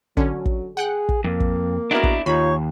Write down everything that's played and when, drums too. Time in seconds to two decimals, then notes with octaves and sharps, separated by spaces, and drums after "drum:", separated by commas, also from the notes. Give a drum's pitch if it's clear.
0.17 D3 F#3 C#4, drum: kick
0.45 drum: kick
0.77 G#4 F#5 G5 F#6
1.09 drum: kick
1.24 F2 A#3
1.40 drum: kick
1.91 B3 D4 E4 F#4 G#4 A#4 A#5
2.03 drum: kick
2.26 D#2 D#4 F4 C#5 B5 C#6